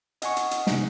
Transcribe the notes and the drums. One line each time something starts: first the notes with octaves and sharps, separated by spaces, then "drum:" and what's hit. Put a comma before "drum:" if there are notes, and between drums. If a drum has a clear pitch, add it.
D#5 F#5 G#5 C#6, drum: hi-hat
drum: hi-hat
drum: hi-hat
C3 G3 D#4, drum: snare